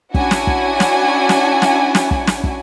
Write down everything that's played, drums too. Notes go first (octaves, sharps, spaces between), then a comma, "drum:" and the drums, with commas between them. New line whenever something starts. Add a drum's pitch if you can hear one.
C#4 D4 E4 F#4 F#5 G#5, drum: kick
drum: snare
drum: kick
drum: snare
drum: snare
drum: snare
drum: snare
drum: kick
drum: snare
drum: kick